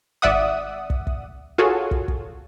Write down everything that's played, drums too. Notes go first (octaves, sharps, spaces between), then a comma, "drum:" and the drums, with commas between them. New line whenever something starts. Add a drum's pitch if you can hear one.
G#1 D5 E5 F#5 D#6
drum: kick
drum: kick
F4 F#4 G#4 A4 C#5
drum: kick
drum: kick